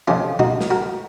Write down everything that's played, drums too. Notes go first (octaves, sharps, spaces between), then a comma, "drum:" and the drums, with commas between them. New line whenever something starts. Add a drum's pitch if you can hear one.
F2 C3 D#3 C#4 F4
D#4 F#4, drum: tom A#2
drum: snare
F#4 A#4